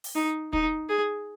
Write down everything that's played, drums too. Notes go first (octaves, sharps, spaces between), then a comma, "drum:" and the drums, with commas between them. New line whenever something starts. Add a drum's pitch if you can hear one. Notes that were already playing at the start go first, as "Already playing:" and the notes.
drum: open hi-hat
D#4
D#4, drum: kick
G#4